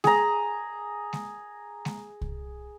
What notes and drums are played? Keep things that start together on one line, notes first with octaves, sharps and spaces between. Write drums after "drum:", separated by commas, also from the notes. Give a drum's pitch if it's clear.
G#4 A#5, drum: snare G#3
drum: snare G#3
drum: snare G#3
drum: kick C2